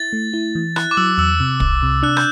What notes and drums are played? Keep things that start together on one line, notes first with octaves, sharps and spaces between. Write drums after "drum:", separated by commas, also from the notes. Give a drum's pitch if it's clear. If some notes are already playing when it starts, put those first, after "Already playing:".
Already playing: E4 A6
A3
E4
E3
E4 F#6, drum: rim click
D6
F#3 E6
E2 E6
C3
C2, drum: kick
C3
D4 F#6
G6, drum: rim click